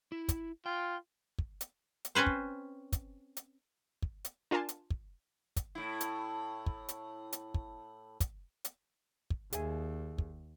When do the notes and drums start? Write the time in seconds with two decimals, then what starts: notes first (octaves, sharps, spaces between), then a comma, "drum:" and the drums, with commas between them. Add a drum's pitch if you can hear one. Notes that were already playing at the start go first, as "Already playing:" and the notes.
0.12 E4
0.29 drum: kick, hi-hat
0.66 F4 G5
1.39 drum: kick
1.61 drum: hi-hat
2.05 drum: hi-hat
2.15 C4 C#4 B4 C5
2.27 drum: kick
2.93 drum: kick, hi-hat
3.37 drum: hi-hat
4.03 drum: kick
4.25 drum: hi-hat
4.51 D4 F4 A#4 G#5 A5 C6
4.69 drum: hi-hat
4.91 drum: kick
5.57 drum: kick, hi-hat
5.75 A2 E4
6.01 drum: hi-hat
6.67 drum: kick
6.89 drum: hi-hat
7.33 drum: hi-hat
7.55 drum: kick
8.21 drum: kick, hi-hat
8.65 drum: hi-hat
9.31 drum: kick
9.53 D#2 G#4 E5 G#5, drum: hi-hat
10.19 drum: kick